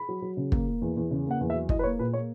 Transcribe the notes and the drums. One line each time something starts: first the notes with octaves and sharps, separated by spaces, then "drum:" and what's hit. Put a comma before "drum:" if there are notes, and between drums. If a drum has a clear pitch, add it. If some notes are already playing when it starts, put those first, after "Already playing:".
Already playing: B5
F#3
F#3
C#3
A#3, drum: kick
A#3
E2
E2
C#3
A#3 F#5
E2
E5
F#3
E4 D#5, drum: kick
B4
A#3 C#5
A#2 B4
A#3 C#5